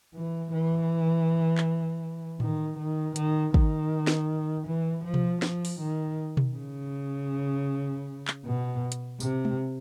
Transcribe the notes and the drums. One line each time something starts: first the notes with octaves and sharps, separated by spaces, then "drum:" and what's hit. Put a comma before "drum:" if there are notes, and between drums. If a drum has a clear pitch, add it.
E3
E3
drum: clap
D#3, drum: tom A2
D#3
D#3, drum: hi-hat
D#3, drum: kick
drum: snare
E3
F3
drum: tom B2
F3, drum: snare
drum: open hi-hat
D#3
drum: tom B2
C#3
drum: clap
B2
drum: hi-hat
C3, drum: tambourine
drum: tom G#3